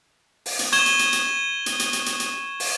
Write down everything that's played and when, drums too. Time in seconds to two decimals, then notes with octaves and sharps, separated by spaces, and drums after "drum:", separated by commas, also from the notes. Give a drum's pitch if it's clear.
0.46 drum: open hi-hat
0.59 drum: hi-hat
0.72 C#6 G#6 E7 G7, drum: hi-hat
0.86 drum: hi-hat
0.99 drum: hi-hat
1.13 drum: hi-hat
1.66 drum: hi-hat
1.80 drum: hi-hat
1.93 drum: hi-hat
2.06 drum: hi-hat
2.20 drum: hi-hat
2.60 drum: open hi-hat